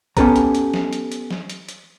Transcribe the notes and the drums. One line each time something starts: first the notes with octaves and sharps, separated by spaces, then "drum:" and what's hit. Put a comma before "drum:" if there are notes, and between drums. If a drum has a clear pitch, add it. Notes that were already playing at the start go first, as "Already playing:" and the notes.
B3 C#4 G4 A4 B4 A#5, drum: kick, hi-hat
drum: hi-hat
drum: hi-hat
drum: snare
drum: hi-hat
drum: hi-hat
drum: snare
drum: hi-hat
drum: hi-hat